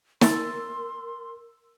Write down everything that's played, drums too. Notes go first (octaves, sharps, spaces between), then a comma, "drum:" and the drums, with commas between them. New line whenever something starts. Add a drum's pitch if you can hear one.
A#4 C6 E6 A6, drum: snare